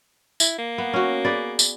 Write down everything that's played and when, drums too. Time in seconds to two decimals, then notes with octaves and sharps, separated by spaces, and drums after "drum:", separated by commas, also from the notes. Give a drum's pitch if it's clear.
0.40 E4, drum: tambourine
0.58 A#3
0.78 B3
0.94 C#4 F#4
1.25 G#4 B4 D5
1.59 drum: tambourine